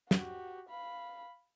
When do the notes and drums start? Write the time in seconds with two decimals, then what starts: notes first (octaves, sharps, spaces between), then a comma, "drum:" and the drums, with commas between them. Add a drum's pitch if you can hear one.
0.11 F#4 G4, drum: snare
0.69 F5 B5